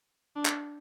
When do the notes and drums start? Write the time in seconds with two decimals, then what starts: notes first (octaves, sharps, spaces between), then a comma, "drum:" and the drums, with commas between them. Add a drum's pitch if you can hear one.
0.36 D4
0.45 drum: clap